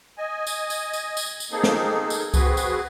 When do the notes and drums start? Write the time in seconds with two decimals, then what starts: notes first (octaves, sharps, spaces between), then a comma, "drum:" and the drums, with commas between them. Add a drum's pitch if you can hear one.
0.18 D#5 G#5
0.47 drum: tambourine
0.70 drum: tambourine
0.93 drum: tambourine
1.17 drum: tambourine
1.40 drum: tambourine
1.52 A#3 C4 D#4 G#4 A4
1.64 drum: snare
2.10 drum: tambourine
2.34 C4 F#4 G#4 B4, drum: kick C2, tambourine
2.57 drum: tambourine